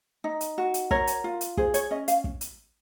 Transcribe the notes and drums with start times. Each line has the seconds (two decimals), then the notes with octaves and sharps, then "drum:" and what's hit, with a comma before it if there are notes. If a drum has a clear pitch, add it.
0.24 D#4
0.41 drum: hi-hat
0.58 F#4
0.74 drum: hi-hat
0.91 A#4 C#5, drum: kick
1.07 drum: hi-hat
1.24 F4
1.41 drum: hi-hat
1.57 G#4 C5, drum: kick
1.74 C#5, drum: hi-hat
1.91 C#4 D#5
2.08 F5, drum: hi-hat
2.24 drum: kick
2.41 drum: hi-hat